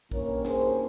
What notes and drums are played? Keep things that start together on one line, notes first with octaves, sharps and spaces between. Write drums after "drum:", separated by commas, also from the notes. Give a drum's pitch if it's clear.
G2 E3 A#3 C#4 A#4 C#5, drum: kick A#1
G#4 C5, drum: snare